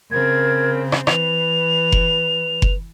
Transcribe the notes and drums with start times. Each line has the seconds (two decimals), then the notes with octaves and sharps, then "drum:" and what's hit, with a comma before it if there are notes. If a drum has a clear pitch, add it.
0.12 C#3 C4 A#4 G#6
0.92 drum: rim click
1.07 E3 B4 F7, drum: rim click
1.92 drum: kick F#1
2.62 drum: kick F#1